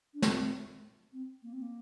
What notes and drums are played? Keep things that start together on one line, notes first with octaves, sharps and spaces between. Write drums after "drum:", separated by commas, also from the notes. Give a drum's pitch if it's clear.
D4
C4, drum: snare
C4
A#3
C4
A#3